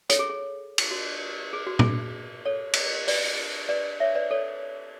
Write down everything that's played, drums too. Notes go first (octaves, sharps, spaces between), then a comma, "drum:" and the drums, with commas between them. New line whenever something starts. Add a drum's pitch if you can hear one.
A4 C#5, drum: hi-hat
G#4
G#4
drum: cymbal
F#4
G#4
F#4
G#4, drum: tom
A4 C#5
drum: cymbal
B4 D5, drum: open hi-hat
B4 D5
C#5 E5
B4 D5
A4 C#5